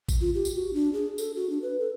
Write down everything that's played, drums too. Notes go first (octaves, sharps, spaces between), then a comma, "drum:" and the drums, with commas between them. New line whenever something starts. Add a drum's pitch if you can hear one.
drum: kick G#1, tambourine
F4
G4
drum: tambourine
F#4
D4
G#4
A4, drum: tambourine
F#4
D4
B4
A4